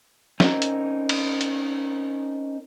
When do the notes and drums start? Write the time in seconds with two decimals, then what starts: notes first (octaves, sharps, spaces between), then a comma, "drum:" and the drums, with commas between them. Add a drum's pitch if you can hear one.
0.40 C4 C#4 D#4 A#4, drum: snare
0.62 drum: hi-hat
1.09 drum: cymbal
1.41 drum: hi-hat